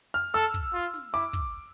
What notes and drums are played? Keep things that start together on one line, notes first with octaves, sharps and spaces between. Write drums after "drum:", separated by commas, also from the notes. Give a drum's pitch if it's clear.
F6
A4 E6
drum: kick
F4
drum: snare
E4 D6
drum: kick